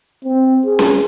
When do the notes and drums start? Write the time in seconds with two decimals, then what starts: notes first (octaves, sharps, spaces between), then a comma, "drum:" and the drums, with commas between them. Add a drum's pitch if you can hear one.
0.25 C4
0.66 G#4
0.79 drum: snare C#4